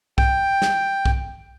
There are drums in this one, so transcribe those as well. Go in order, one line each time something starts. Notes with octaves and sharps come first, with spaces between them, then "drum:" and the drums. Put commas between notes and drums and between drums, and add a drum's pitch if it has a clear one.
G5, drum: kick
drum: snare
drum: kick